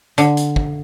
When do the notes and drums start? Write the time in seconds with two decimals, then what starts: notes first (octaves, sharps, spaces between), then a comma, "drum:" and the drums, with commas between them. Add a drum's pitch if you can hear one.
0.18 D3, drum: hi-hat
0.37 drum: hi-hat
0.56 drum: kick